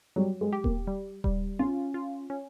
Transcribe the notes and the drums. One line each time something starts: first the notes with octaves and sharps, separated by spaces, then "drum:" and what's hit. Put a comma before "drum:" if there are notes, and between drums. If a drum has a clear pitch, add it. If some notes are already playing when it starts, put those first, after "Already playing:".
F#3 G3
G#3
G4
A#3, drum: kick D#1
G3
G3, drum: kick D#1
C#4 F4
F4
C#4